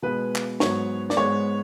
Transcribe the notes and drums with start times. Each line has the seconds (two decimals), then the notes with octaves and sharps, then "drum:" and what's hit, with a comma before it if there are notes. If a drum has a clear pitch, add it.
0.02 B2 G#3 B3 B4
0.35 drum: clap
0.60 G#2 F#3 B3 C#5, drum: snare
1.10 D5, drum: snare
1.17 G#2 G#3 B3 C#5